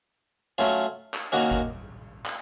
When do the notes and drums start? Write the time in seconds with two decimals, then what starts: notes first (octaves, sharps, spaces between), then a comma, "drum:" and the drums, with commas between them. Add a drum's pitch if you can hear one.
0.58 F#3 A3 C#4 F4
1.14 drum: clap
1.32 D#3 A#3 C#4 F#4
1.51 drum: kick G1
2.26 drum: clap